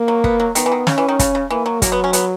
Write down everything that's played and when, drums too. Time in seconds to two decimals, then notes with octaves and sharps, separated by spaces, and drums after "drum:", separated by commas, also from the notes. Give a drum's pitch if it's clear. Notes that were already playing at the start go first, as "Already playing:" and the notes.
Already playing: A#3
0.08 F#3
0.24 B3, drum: kick
0.40 F#3
0.55 D#3 B3, drum: hi-hat
0.66 E3
0.72 D#3
0.87 C#3 C#4, drum: snare
0.98 E3
1.08 D#3
1.19 C#3, drum: kick, hi-hat
1.35 C#3
1.50 E3 A#3
1.66 F#3
1.82 F#3 A#3, drum: kick, hi-hat
1.92 B3
2.04 C#4
2.13 B3, drum: hi-hat